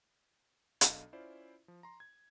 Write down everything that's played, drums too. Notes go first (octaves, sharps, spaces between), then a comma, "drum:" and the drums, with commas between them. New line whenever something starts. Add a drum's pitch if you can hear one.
B1 D4 A4 D#5 F5, drum: hi-hat
C#4 E4 F4 C5 D5
F3
A#5 C6
G#6